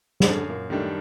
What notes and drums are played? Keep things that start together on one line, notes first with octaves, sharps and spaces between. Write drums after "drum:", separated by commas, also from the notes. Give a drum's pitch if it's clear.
C4, drum: snare
F#2 D3 D4
A#2 A#3
A2 D#3 G3 A3 D4